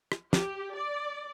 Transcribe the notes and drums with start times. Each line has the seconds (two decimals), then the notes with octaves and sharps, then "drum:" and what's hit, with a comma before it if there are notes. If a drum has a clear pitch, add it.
0.12 drum: rim click
0.33 G4, drum: snare
0.75 D5